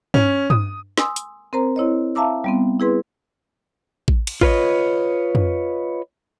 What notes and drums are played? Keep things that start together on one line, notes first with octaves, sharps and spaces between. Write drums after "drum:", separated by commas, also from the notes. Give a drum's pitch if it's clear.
C#4, drum: tom G2
D#6, drum: tom G2
G#5 C6 D#6 E6, drum: snare
drum: hi-hat
C4 A#4 C5 A#5
C4 E4 C#5 D#5
E5 F5 A5 A#5 D6 E6
G3 B3 C4
E4 G#4 B4 C6
drum: kick A1
drum: cymbal
F4 B4 C#5 D#5, drum: kick A1
drum: tom F2